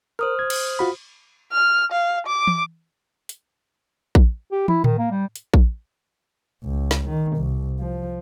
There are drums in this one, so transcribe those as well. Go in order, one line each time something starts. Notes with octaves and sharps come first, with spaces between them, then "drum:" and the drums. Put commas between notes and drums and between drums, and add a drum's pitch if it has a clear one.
A#4 C5 D#6 F6
G#6
drum: cymbal
F4 F#4 B5
F6
F5
D6
drum: tom E3
drum: hi-hat
drum: kick A#1
G4
E4, drum: tom
D#3, drum: tom A2
A#3
G3
drum: hi-hat
drum: kick A#1
C#2
drum: snare
D#3
C2
F3